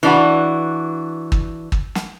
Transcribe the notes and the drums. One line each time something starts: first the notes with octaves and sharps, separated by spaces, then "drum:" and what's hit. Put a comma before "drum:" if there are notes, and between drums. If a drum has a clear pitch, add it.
E3 D4 F#4
drum: kick
drum: kick
drum: snare